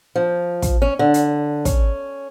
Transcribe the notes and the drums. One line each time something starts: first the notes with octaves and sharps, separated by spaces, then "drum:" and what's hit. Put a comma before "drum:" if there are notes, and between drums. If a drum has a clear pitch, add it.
F3
drum: kick, hi-hat
C#4
D3
drum: hi-hat
C#4, drum: kick, hi-hat